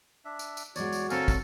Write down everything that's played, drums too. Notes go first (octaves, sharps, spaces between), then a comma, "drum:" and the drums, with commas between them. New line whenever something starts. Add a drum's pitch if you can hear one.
D4 E5
drum: tambourine
drum: tambourine
E2 G#3 F#4 C#5 D5, drum: tambourine
drum: tambourine
D2 C4 A4 A#4 C#5 F5 G#5, drum: tambourine
drum: kick, tambourine